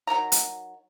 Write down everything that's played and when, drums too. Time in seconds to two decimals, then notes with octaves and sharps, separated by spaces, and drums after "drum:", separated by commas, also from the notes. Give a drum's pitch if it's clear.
0.07 F#3 D#4 A#4 A#5
0.32 drum: hi-hat